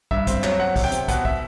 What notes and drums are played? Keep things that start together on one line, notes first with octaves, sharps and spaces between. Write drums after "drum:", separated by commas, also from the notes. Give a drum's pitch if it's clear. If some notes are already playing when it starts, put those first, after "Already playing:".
G2 E5, drum: kick
C4, drum: kick, hi-hat
F#3, drum: clap
C4 F#5
C3, drum: kick, open hi-hat
G5
C3, drum: hi-hat
B2 F#5, drum: kick, hi-hat
E5, drum: kick